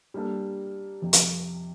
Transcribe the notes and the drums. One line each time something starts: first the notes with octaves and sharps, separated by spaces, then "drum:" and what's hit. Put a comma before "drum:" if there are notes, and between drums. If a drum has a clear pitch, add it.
G3 A#3 D4 A4
F2 C3 F3
drum: hi-hat